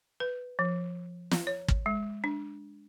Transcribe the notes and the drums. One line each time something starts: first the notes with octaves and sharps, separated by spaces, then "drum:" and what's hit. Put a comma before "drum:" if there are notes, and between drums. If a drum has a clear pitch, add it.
B4
F3
drum: snare
C#5
drum: kick
G#3
D4